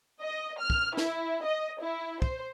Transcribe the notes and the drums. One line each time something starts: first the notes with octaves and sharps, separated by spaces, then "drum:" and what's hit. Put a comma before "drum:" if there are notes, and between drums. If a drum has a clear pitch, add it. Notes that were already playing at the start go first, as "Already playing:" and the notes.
D#5
F6
drum: kick
E4, drum: snare
D#5
E4
C5, drum: kick